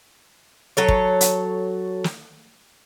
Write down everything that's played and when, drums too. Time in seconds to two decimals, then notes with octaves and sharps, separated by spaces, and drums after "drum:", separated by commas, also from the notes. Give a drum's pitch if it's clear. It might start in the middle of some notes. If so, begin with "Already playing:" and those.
0.77 F#3 A4 C#5
0.88 drum: kick
1.21 drum: hi-hat
2.04 drum: snare